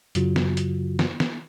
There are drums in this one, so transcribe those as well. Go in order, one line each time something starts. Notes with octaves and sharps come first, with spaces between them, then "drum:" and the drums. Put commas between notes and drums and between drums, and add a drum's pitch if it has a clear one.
F#2 C#3 F#3 F4 F#4, drum: hi-hat
drum: snare
drum: hi-hat
drum: snare
drum: snare